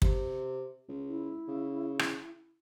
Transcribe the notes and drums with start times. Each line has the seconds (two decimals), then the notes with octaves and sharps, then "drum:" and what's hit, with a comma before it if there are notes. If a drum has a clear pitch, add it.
0.02 C3, drum: kick
0.88 C#2
1.08 E4
1.48 C#3
1.99 drum: rim click